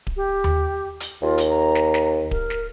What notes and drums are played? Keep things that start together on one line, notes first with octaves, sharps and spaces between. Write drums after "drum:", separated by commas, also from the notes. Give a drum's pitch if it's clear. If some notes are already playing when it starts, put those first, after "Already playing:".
drum: kick D1
G4
drum: tom D#2
drum: hi-hat
D#2 F4
drum: hi-hat
A#5
drum: snare
drum: snare
A#4, drum: kick D1
drum: snare